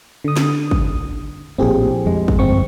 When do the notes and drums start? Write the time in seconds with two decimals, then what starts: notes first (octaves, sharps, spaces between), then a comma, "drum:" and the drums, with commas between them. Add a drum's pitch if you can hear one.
0.24 D3 D#6
0.36 drum: snare
0.71 drum: kick
1.58 A#1 A2 C4 G4 G#4
2.06 F2 G#3
2.28 drum: kick
2.39 G1 C4 C#6